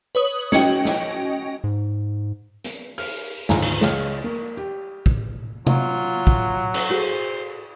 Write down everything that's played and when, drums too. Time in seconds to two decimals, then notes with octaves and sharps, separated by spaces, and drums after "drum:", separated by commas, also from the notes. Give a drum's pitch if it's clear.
0.15 B4 C#5 D#6 F#7
0.52 C#4 F#4 D#5 G5, drum: snare
0.85 drum: snare
1.64 G#2
2.64 drum: hi-hat
2.98 F6, drum: open hi-hat
3.49 G#1 D2 F3 F5 G#5 A#5, drum: snare
3.62 drum: cymbal
3.81 C#2 G#3 C#5 F6, drum: snare
4.24 A#3
4.57 G4
5.06 drum: kick
5.67 F#3 F4 F5, drum: tom C3
6.27 drum: kick
6.74 drum: cymbal
6.90 F#4 G#4 A4 C5